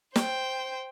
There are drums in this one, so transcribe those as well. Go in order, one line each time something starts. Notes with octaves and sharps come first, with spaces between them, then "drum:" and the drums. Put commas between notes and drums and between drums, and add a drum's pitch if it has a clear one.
C5 G5, drum: snare